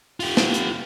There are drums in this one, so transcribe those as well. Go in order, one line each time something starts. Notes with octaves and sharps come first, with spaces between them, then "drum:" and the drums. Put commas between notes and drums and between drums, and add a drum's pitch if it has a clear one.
F4 G4, drum: open hi-hat
drum: snare
drum: hi-hat